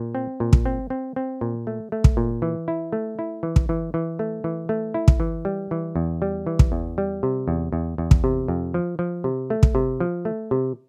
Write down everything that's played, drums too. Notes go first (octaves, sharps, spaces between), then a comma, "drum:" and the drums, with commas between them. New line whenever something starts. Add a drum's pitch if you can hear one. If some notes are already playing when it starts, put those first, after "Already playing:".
Already playing: A#2
C4
A#2
drum: kick
C4
C4
C4
A#2
A3
A3
drum: kick
A#2
E3
E4
A3
E4
E3
drum: kick
E3
E3
A3
E3
A3
E4
drum: kick
E3
G3
E3
E2
G3
E3
drum: kick
E2
G3
C3
E2
E2
E2
drum: kick
C3
F2
F3
F3
C3
A3
drum: kick
C3
F3
A3
C3